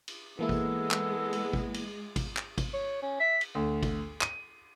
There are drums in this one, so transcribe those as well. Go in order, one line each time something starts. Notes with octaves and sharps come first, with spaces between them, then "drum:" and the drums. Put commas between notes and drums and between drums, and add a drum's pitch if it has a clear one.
drum: cymbal
E3 G#3 A#3 B3 E4 A4
drum: kick G#1
drum: clap
drum: cymbal
drum: kick G#1
drum: cymbal
drum: kick G#1, cymbal
drum: clap
drum: kick G#1, cymbal
C#5
C#4
E5 B6
drum: cymbal
D2
drum: kick G#1, cymbal
D#7, drum: clap